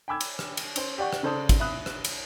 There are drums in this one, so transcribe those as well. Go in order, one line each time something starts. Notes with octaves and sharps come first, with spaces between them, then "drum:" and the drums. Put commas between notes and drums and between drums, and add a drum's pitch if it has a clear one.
G5 G#5 B5 D6 E6 G#6
drum: cymbal
drum: rim click
drum: cymbal
C#4 C5, drum: cymbal
G4 D5 F#5 C#6
drum: rim click
C#3 A4 C5 D5 A5 D#6
drum: kick, cymbal
E5 B5 D#6 F#6
drum: rim click
drum: cymbal